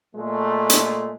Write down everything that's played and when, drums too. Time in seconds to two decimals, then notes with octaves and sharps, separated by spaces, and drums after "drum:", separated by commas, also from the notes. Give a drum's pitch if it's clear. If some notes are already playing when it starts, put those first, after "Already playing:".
0.15 A#2 G#3 A3
0.70 drum: hi-hat